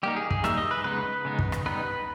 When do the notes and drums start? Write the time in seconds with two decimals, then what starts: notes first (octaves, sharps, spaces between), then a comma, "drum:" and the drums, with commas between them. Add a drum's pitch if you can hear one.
0.03 G3 A#3 D#4 G4
0.16 G#4
0.31 G#4, drum: kick
0.44 G3 A#3 D#4 E5, drum: rim click
0.57 D#5
0.71 B4
0.84 C#3 G#3 B3 D#4 B4
1.25 C#3 G#3 B3 D#4
1.39 drum: kick
1.52 drum: rim click
1.66 G3 B3 D#4 B4